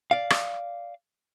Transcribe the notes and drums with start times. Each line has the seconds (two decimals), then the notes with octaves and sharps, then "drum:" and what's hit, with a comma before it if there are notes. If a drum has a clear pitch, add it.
0.11 D5 F5
0.30 drum: rim click